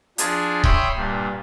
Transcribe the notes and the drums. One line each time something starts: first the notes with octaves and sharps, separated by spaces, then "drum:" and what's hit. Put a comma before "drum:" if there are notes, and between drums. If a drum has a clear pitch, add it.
F3 D4 G#4, drum: hi-hat
C#5 E5 G5 B5 C6 D#6, drum: kick C#1
G2 A#2